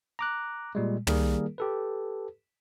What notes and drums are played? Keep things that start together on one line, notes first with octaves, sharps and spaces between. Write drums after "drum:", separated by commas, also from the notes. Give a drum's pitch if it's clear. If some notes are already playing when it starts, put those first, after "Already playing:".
A#5 D6 F#6
A#2 G3 G#3
D#3 G3 A#3 G#4 A#4, drum: tom
G4 A4 B4